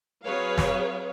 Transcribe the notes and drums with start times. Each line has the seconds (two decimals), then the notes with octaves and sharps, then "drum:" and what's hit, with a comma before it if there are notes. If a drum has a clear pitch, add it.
0.24 F#3 C4 G#4 B4 C#5 F5
0.58 drum: snare